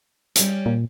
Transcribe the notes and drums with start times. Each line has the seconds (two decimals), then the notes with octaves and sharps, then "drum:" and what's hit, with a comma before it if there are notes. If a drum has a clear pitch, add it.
0.36 G3 C#4, drum: hi-hat
0.66 A#2